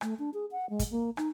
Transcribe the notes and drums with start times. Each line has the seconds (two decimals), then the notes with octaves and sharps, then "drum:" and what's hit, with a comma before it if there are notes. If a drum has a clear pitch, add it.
0.01 A3, drum: rim click
0.19 D4
0.34 G#4
0.52 F#5
0.70 G#3
0.79 drum: kick, hi-hat
0.91 A#3
1.17 D#4, drum: rim click